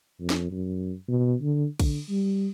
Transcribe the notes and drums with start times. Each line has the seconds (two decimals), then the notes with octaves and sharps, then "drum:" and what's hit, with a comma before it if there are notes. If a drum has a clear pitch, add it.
0.20 F2
0.30 drum: snare
0.51 F#2
1.09 B2
1.42 D3
1.80 D3, drum: kick, cymbal
2.09 G3